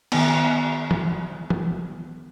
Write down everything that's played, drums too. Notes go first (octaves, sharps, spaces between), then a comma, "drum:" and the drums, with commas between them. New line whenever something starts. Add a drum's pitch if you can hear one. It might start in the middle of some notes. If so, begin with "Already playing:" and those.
D#3 B3, drum: cymbal
drum: tom
drum: tom